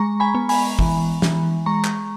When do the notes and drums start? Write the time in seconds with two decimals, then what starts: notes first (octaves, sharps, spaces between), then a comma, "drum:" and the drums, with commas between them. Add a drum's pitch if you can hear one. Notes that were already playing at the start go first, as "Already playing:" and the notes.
Already playing: G#3 A#5 C#6
0.20 G#5 B5
0.35 B3
0.49 G#5 B5, drum: open hi-hat
0.79 E3, drum: kick
1.22 E3, drum: snare
1.66 G#3 A#5 C#6
1.84 drum: clap